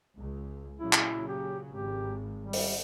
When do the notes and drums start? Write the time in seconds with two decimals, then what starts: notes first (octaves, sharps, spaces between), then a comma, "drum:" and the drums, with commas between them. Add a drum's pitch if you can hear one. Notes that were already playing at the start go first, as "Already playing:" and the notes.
0.17 C#2
0.79 A#2 C#3 F#3 E4
0.93 drum: clap
1.28 G4
1.70 G#1 G4
2.42 G3
2.53 drum: open hi-hat